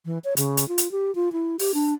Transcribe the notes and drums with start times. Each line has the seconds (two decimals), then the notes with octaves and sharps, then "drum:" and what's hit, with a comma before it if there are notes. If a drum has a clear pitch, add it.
0.05 E3
0.24 C#5
0.37 C#3, drum: hi-hat
0.57 drum: hi-hat
0.69 F4
0.78 drum: hi-hat
0.91 G4
1.15 F4
1.32 E4
1.59 G4, drum: open hi-hat
1.74 D4